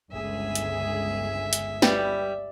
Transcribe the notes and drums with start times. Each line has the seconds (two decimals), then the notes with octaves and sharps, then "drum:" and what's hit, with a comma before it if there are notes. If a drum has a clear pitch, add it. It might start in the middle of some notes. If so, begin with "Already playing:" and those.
0.12 G1 C#2 G#4 E5
0.55 drum: hi-hat
1.53 drum: hi-hat
1.82 G3 B4 G5, drum: snare